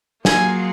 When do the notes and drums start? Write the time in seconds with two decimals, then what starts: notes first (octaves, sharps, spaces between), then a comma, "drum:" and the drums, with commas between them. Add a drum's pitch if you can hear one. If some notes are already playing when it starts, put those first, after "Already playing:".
0.25 F#3 A#3 F4 G#4 G#5, drum: snare